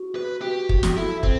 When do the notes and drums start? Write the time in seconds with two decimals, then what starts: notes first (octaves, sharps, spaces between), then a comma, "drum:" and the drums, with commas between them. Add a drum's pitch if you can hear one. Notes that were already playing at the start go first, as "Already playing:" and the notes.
Already playing: F#4
0.16 B4
0.42 F#4 G4
0.69 drum: kick
0.83 drum: snare
0.97 E4 A4
1.23 C4, drum: kick